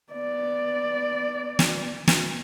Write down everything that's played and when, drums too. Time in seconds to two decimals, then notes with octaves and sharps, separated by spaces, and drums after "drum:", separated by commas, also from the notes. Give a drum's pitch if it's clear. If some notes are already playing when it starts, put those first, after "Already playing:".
0.13 B3 D5
1.59 drum: snare
2.08 drum: snare